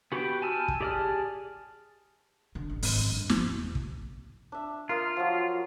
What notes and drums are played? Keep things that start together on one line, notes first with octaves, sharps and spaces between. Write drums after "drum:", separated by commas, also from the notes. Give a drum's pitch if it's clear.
B3 F#4 G4 B4 G5
G#5 A5 E6 F6
drum: kick
G4 G#4 D5 A5 F6
D3
A1
G#1, drum: open hi-hat
E3
G2
F3, drum: snare
E2
E2
drum: kick
D4 E5
F4 A#4 F5 D#6
F3 F#3